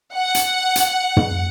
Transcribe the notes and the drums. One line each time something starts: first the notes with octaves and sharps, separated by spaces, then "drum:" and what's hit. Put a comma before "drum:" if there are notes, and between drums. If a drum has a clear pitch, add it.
F#5
drum: hi-hat
drum: hi-hat
drum: tom